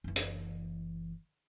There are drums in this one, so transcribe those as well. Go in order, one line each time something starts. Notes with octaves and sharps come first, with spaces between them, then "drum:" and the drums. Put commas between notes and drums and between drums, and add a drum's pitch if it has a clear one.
F#1 E3
drum: hi-hat